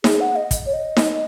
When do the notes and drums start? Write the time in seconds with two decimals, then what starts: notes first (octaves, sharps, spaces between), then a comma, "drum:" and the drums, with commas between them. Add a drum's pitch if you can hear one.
0.04 G#4, drum: snare D#4
0.20 F#5
0.36 D#5
0.51 drum: kick, hi-hat
0.66 C#5
0.73 D#5
0.97 drum: snare D#4